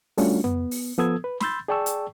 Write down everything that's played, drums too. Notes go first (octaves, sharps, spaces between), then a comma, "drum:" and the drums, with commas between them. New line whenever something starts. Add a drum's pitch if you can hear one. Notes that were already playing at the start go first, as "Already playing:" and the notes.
G3 A3 C#4 D4 F4 F#4, drum: open hi-hat
B3, drum: tom F2
drum: open hi-hat
F3 B3 A4 D#6 E6 G#6
B4
B5 C6 E6 G6 A6, drum: snare
G#4 D5 G5 A5 C#6 E6
drum: hi-hat